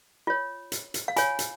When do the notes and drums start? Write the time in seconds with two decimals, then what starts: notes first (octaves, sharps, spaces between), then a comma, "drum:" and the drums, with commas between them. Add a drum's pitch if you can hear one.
0.27 F4 C#5
0.72 drum: hi-hat
0.94 drum: hi-hat
1.08 F5
1.16 F4 C#5 G#5, drum: hi-hat
1.39 drum: hi-hat